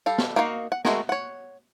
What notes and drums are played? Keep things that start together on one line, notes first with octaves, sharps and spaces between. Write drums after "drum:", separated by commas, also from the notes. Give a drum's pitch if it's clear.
G3 A4 F5
drum: snare
A#3 D#4 F#4 C#5 F5
F#5
G#3 A3 F#4 G#4 A#4, drum: snare
C#5 F#5